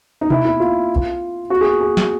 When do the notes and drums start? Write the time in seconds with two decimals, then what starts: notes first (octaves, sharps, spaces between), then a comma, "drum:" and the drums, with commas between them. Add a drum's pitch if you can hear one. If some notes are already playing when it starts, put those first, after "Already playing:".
0.21 D#4
0.30 E4, drum: tom B2
0.45 E4
0.60 F4
0.96 drum: kick B1
1.50 F#4
1.61 G#4
1.81 G#4
1.97 drum: snare